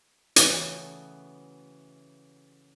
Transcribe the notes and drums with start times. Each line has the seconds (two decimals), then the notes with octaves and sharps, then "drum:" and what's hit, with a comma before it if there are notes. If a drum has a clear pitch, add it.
0.36 C#3 E3 A3 B3 C#4 F#4, drum: hi-hat